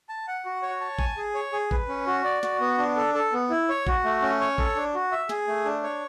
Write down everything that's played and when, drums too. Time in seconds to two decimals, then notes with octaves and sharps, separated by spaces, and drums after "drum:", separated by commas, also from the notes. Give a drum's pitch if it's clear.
0.09 A5
0.28 F#5
0.45 F#4
0.62 C#5
0.81 A5
0.99 G#5, drum: kick A1
1.17 G#4
1.34 C#5
1.52 G#4
1.71 B4, drum: kick A1
1.88 C#4
2.07 F#4
2.24 D5
2.43 F#4, drum: snare
2.60 B3
2.78 D4
2.97 A4
3.14 A4
3.33 B3
3.50 E4
3.69 C#5
3.87 F#4, drum: kick A1
4.04 A3
4.22 C#4
4.40 C#5
4.58 A4, drum: kick A1
4.76 D4
4.95 F#4
5.12 E5
5.29 G#4, drum: snare
5.47 A3
5.65 D4
5.84 C#5